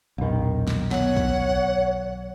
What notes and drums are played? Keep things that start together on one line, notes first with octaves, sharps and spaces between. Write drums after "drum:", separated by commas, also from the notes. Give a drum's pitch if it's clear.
B1 E2 A#2 D#3
drum: snare
B3 C#5 F#5, drum: snare
drum: kick